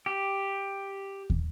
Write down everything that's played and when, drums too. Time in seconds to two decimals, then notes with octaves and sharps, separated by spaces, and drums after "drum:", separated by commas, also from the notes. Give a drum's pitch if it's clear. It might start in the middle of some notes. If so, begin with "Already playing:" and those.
0.06 G4
1.30 drum: kick